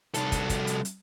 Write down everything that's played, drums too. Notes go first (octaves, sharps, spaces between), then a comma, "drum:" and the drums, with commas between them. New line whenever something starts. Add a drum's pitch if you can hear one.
C2 A4, drum: hi-hat
drum: kick, hi-hat
drum: kick, hi-hat
drum: hi-hat
drum: hi-hat